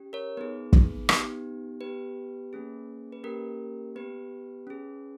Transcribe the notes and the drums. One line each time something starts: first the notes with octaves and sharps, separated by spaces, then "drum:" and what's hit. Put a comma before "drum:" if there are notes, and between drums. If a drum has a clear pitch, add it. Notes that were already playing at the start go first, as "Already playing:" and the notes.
Already playing: C#4 G4
A#4 C#5
B3 D#4 G#4 B4
drum: kick
B3 D#4 G4, drum: rim click
B3 G4 B4
A#3 C#4 G#4
B4
A#3 C#4 G4 A#4
B3 G4 B4
C#4 G#4